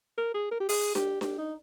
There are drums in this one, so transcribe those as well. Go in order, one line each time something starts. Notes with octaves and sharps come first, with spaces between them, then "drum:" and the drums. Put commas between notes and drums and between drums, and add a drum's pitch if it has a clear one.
A#4
G#4
A#4
G4
G#4, drum: open hi-hat
G4, drum: snare D4
G4, drum: snare D4
D#4